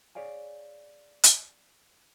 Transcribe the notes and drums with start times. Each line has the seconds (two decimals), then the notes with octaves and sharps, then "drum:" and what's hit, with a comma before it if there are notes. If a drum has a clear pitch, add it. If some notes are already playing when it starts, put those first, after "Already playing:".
0.15 G#4 C#5 D5 F5 G#5
1.24 drum: hi-hat